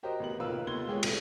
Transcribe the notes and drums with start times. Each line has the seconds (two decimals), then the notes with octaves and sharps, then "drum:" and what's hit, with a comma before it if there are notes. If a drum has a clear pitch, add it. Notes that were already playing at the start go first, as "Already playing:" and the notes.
0.03 F#4 G4 A#4 C5 D#5
0.20 A1 B3 F#7
0.40 F1 A#3 F4 B4 E6
0.67 F1 D#2 B3 C6 G#6 G7
0.87 G#3 F4 G4 G#4 C#5
1.03 E1 A1 A3 B6, drum: cymbal